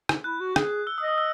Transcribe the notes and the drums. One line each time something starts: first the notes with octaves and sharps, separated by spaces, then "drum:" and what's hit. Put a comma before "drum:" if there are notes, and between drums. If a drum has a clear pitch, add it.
drum: rim click
E4 F#6
F#4
G#4, drum: rim click
E6
D#6
D#5
D#6
E6